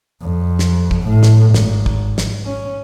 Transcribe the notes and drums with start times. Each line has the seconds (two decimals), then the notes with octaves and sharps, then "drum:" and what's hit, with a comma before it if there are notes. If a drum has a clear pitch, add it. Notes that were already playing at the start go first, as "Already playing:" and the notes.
0.22 F2
0.59 drum: snare
0.91 drum: kick
1.02 A2
1.23 drum: snare
1.54 G#1, drum: snare
1.86 drum: kick
2.18 drum: snare
2.45 C#4